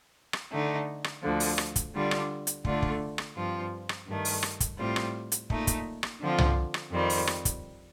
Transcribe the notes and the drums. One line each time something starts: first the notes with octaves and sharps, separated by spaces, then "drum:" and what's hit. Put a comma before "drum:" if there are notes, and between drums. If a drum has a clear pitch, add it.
drum: rim click
D3 A3 D#4
drum: rim click
D2 D3 F3
drum: open hi-hat
drum: rim click
drum: kick, hi-hat
D3 G3 D4 F4
drum: rim click
drum: hi-hat
D3 A3 D4 F4, drum: kick
drum: kick
drum: rim click
G2 F3 C4 F4
drum: rim click
G2 D#3 A3
drum: open hi-hat
drum: rim click
drum: kick, hi-hat
A2 G3 C4 F4
drum: rim click
drum: hi-hat
A#2 A3 D#4, drum: kick
drum: kick, hi-hat
drum: rim click
D3 F3 C4 F4
drum: tom C2
drum: rim click
F2 D#3 G3 C4
drum: open hi-hat
drum: rim click
drum: kick, hi-hat